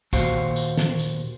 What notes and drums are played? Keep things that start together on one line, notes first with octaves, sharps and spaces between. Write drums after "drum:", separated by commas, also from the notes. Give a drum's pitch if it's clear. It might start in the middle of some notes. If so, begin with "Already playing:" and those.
D#2 A#2 F#4 G4 C5 F5, drum: kick, tambourine
drum: tambourine
drum: snare
drum: tambourine